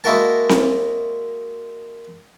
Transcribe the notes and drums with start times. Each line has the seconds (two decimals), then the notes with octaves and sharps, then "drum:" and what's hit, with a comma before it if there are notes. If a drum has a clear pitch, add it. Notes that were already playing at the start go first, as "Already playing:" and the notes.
0.04 G#3 A#3 E4 F#4 A#4 A5
0.49 drum: snare C4